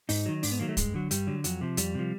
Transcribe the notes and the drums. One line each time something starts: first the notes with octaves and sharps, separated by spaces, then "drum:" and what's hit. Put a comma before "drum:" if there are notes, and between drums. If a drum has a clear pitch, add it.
G#2 D#4, drum: open hi-hat
D#3 F#3
G#2 D4, drum: open hi-hat
B3
D#3 F#3 A#3
A3
G2 G#3, drum: kick, hi-hat
D3 F#3
G2 G3, drum: hi-hat
D3 F#3
F2 F#3, drum: hi-hat
C3 F3
F2 G3, drum: hi-hat
C3 F3